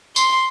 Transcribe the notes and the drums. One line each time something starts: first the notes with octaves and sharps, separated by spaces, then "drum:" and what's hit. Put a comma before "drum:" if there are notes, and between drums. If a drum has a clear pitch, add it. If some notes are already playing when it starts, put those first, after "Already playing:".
C6, drum: tambourine